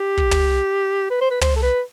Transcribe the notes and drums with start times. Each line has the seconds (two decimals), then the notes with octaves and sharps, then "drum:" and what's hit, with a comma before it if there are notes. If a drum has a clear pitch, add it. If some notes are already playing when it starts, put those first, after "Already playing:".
Already playing: G4
0.17 drum: kick
0.31 drum: tom
1.10 B4
1.21 C5
1.31 B4
1.41 C5, drum: tom
1.56 A4
1.63 B4